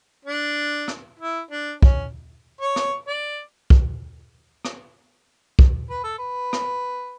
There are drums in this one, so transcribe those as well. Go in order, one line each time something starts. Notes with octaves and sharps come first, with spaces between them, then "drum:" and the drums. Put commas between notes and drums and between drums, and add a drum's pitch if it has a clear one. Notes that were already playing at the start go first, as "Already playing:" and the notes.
D4
drum: rim click
E4
D4
C#4, drum: kick
C#5
drum: rim click
D5
drum: kick
drum: rim click
drum: kick
B4
A4
B4
drum: rim click